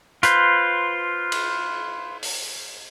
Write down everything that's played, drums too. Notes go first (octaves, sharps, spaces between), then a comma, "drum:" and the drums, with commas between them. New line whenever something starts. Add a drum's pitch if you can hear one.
F4 B4 C5, drum: hi-hat
drum: cymbal
drum: open hi-hat